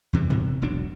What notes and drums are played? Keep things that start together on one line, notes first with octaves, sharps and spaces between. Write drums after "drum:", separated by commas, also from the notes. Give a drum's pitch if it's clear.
E2 C3 E3 G3
E1 C3, drum: tom G#2
E1 B1 F#3 D4